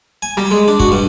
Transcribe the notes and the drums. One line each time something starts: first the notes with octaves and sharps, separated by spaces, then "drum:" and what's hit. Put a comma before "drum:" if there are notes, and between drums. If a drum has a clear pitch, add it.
G#5
G3, drum: rim click
G#3
D4
F#4, drum: kick
G2